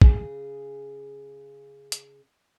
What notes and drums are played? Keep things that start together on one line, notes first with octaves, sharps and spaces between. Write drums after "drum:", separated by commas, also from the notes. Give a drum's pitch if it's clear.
C#3 G#4, drum: kick
drum: hi-hat